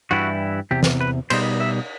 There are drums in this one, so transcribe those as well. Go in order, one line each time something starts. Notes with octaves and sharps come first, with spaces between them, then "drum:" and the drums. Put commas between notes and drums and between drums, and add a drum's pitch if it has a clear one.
G2 E3 G3 E4 F#4
E2 C3 G4
drum: snare
B4
B2 G3 D#4 C5, drum: cymbal
E5